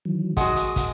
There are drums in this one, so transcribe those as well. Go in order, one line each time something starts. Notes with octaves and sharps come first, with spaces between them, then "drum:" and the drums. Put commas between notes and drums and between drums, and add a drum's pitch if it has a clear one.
D#3 E3 F#3
G#3 F#4 F#5 D#6, drum: kick, hi-hat
drum: hi-hat
drum: kick, hi-hat